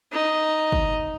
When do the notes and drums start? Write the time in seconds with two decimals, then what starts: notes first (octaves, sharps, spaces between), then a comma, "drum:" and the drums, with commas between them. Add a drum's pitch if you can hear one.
0.12 D#4
0.72 drum: kick